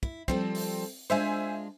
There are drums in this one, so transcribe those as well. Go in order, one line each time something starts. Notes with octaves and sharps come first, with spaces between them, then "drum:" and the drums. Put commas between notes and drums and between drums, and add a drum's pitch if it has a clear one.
E4, drum: kick
F3 G3 C4 A4, drum: kick
drum: open hi-hat
G#3 D4 F4 C5 E5 G#5